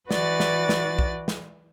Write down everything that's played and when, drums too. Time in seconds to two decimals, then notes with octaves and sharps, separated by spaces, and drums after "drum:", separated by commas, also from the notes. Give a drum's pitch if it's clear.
0.11 E3 F#4 B4 D5 A6, drum: snare
0.40 drum: snare
0.69 drum: snare
0.99 drum: kick B1
1.28 drum: snare